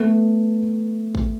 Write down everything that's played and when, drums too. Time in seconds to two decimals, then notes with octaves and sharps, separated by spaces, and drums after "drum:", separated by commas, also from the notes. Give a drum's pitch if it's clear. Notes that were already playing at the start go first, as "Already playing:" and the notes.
Already playing: A3 B3
1.15 drum: kick